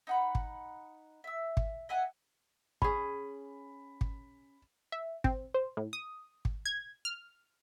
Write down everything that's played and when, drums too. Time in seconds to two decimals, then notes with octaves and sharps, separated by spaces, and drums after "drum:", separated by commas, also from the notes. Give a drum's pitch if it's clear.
0.07 D#4 F#5 B5
0.35 drum: kick
1.24 E5 E6
1.57 drum: kick
1.89 D#5 E5 F#5 G#5
2.82 C#4 G#4 B5, drum: kick
4.01 drum: kick
4.92 E5
5.24 C4, drum: kick
5.54 C5
5.77 A2
5.93 D#6
6.45 drum: kick
6.66 G#6
7.05 F6